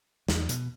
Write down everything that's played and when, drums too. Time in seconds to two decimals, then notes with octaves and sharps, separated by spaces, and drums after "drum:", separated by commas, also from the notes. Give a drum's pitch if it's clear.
0.28 E2, drum: snare
0.49 B2, drum: hi-hat